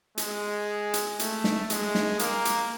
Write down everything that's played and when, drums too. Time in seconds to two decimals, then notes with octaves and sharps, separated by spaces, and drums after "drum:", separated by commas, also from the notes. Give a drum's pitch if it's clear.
0.18 G#3, drum: hi-hat
0.94 drum: hi-hat
1.19 A3, drum: hi-hat
1.44 drum: snare
1.70 G#3, drum: hi-hat
1.95 drum: snare
2.19 A#3, drum: hi-hat
2.45 drum: hi-hat